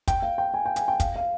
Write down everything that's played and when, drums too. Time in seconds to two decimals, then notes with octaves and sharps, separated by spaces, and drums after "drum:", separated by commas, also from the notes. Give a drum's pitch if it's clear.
0.08 G5, drum: kick, hi-hat
0.22 F5
0.38 G5
0.54 G#5
0.66 G5
0.76 G#5, drum: hi-hat
0.88 G5
1.00 F5, drum: kick, hi-hat
1.16 F5